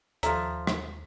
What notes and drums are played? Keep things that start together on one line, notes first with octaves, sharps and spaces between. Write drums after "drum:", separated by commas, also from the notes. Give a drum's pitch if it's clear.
D#2 F3 A4 D5 E5 A#5, drum: hi-hat
drum: rim click